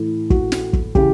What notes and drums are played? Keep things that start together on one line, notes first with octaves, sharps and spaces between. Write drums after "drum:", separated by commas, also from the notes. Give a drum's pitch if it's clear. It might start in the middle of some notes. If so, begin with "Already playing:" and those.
Already playing: A2 E3
F#4, drum: kick
drum: snare
drum: kick
C#3 E3 G4, drum: kick